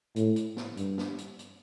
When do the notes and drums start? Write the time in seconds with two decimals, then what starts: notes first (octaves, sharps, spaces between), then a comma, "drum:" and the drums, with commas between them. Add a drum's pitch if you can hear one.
0.16 A2, drum: hi-hat
0.36 drum: hi-hat
0.57 drum: snare
0.77 G2, drum: hi-hat
0.98 drum: snare
1.18 drum: hi-hat
1.39 drum: hi-hat